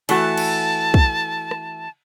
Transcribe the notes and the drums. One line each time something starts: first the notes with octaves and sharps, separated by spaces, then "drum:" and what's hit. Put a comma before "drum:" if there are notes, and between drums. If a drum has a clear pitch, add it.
E3 A3 F#4 A5, drum: cymbal
drum: cymbal
drum: kick
drum: rim click